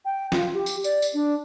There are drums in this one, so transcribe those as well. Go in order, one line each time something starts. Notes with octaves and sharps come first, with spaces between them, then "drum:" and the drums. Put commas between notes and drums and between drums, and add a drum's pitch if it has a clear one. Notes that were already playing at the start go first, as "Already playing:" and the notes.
G5
F4, drum: snare
G4
drum: tambourine
D5, drum: tambourine
drum: tambourine
D4